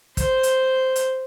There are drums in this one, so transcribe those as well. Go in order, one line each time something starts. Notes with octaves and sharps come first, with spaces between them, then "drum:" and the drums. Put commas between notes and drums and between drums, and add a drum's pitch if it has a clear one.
C5, drum: kick, hi-hat
drum: hi-hat
drum: hi-hat